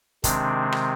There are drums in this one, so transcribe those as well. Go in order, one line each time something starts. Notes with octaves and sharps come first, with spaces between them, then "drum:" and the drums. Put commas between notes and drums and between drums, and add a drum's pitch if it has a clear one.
C3 D#3 G#3 C4 D4, drum: kick, hi-hat
drum: rim click